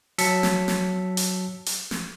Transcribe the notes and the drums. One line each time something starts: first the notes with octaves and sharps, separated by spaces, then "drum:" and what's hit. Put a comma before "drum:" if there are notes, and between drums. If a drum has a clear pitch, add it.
F#3 A5 E6 B6 C#7, drum: hi-hat
drum: snare
drum: snare
drum: hi-hat
drum: hi-hat
drum: snare